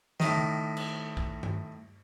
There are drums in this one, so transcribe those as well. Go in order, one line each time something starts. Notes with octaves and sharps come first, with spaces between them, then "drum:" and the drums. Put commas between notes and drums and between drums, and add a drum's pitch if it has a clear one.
A2 D#3, drum: snare
drum: tom C#3
drum: cymbal
drum: kick A#1
drum: tom G2